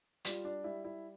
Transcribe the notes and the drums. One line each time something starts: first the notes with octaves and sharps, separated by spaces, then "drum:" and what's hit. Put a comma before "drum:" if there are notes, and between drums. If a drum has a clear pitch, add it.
G3 F4, drum: hi-hat
D4
G3 E4
E4